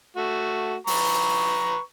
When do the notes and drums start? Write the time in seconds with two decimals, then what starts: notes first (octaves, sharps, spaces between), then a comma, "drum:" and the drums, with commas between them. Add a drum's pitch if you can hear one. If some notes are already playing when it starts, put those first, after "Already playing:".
0.16 A3 F#4
0.87 B4 A#5 C#6, drum: open hi-hat